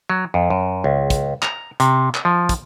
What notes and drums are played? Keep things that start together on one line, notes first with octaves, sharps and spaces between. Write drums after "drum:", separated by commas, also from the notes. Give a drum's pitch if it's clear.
F#3
F2
F#2
C#2
drum: kick, hi-hat
A#5, drum: clap
C3, drum: hi-hat
drum: clap
F3
drum: kick, hi-hat